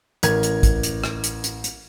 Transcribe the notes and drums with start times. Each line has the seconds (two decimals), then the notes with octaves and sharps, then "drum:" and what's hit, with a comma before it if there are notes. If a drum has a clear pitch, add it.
0.23 A1 A#4 G#6, drum: hi-hat
0.43 drum: hi-hat
0.63 drum: kick, hi-hat
0.83 drum: hi-hat
1.04 drum: rim click
1.24 drum: hi-hat
1.44 drum: hi-hat
1.64 drum: hi-hat